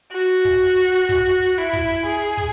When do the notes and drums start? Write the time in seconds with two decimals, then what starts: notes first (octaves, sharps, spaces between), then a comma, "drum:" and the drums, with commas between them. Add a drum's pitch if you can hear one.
0.12 F#4
0.45 drum: kick, hi-hat
0.77 drum: hi-hat
1.09 drum: kick, hi-hat
1.25 drum: hi-hat
1.41 drum: hi-hat
1.58 E4
1.73 drum: kick, hi-hat
1.89 drum: hi-hat
2.05 G#4, drum: hi-hat
2.37 drum: kick, hi-hat